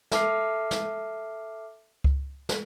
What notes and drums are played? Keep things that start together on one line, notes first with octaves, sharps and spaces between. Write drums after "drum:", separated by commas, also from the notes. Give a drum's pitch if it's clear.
A4 E5 A5 D6 F6 C7, drum: snare
drum: snare
drum: kick C#2
drum: snare